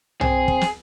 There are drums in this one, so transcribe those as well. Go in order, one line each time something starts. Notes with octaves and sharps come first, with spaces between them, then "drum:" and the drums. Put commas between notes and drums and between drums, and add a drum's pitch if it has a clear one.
C4 G#4, drum: tom B1
drum: kick
drum: snare